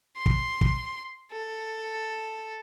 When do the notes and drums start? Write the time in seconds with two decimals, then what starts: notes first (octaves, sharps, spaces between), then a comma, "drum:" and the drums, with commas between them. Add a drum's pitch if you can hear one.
0.16 C6
0.26 drum: kick
0.61 drum: kick
1.32 A4